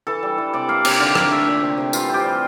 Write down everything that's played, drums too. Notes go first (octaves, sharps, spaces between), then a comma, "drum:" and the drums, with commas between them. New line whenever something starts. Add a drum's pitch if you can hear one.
E3 A4
G3
E3
C3 D5
A#3 F5
C3, drum: cymbal
D3 F5
A#3, drum: rim click
A3 E5
A#2
C3
C3
E3 F4, drum: tambourine
C4 G4
G3